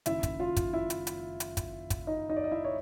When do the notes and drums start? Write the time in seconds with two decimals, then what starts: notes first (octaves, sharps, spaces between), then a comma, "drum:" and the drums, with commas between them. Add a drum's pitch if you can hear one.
0.06 F#1 F#2 D#3 E4 E5, drum: hi-hat
0.23 drum: kick, hi-hat
0.40 F4 F5
0.57 drum: kick, hi-hat
0.73 E4 E5
0.90 drum: hi-hat
1.07 drum: hi-hat
1.40 drum: hi-hat
1.57 drum: kick, hi-hat
1.90 drum: kick, hi-hat
2.07 D#4 D#5
2.29 D#4 D#5
2.37 D5
2.44 D#5
2.51 E4 E5
2.64 C#5